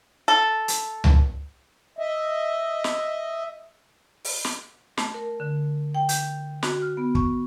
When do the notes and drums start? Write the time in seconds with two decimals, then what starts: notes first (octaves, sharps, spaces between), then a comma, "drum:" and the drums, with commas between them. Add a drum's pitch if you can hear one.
0.28 A4
0.68 drum: hi-hat
1.04 drum: tom C#2
1.99 D#5 E5
2.84 drum: snare
4.24 drum: open hi-hat
4.45 drum: snare
4.98 A3, drum: snare
5.14 A#4
5.40 D3
5.95 G5
6.09 G6, drum: hi-hat
6.63 F#4, drum: snare
6.82 F6
6.97 B3
7.15 C#6, drum: kick